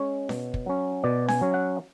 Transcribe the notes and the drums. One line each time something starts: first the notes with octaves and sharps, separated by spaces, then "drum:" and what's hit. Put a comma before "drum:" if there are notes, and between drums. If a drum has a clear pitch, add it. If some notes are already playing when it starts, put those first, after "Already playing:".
Already playing: G#3 C#4 C#5
B2, drum: snare C#4
drum: kick
F#3 C#4
B2 D5
G#5, drum: snare C#4
F#3 C#4
F#5